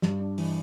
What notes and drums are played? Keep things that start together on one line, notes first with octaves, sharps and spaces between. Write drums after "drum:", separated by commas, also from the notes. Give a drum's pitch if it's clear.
G2, drum: snare
D4
E3, drum: open hi-hat